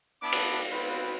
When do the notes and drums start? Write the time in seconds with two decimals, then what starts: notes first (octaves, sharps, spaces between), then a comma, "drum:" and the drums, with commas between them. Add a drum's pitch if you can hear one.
0.22 B3 D4 E4 A5 B5 D6
0.33 drum: cymbal
0.71 B3 C4 F4 B4